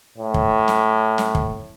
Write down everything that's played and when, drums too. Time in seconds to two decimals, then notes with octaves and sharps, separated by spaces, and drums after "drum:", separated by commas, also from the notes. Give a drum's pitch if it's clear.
0.18 A2
0.34 drum: kick
0.68 drum: snare
1.18 drum: snare
1.35 drum: kick